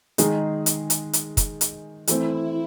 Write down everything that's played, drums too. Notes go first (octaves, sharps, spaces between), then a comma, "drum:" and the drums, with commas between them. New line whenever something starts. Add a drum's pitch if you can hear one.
D#3 G#3 D#4 G#4, drum: hi-hat
drum: hi-hat
drum: hi-hat
drum: hi-hat
drum: kick, hi-hat
drum: hi-hat
E3 A3 C4 E4, drum: hi-hat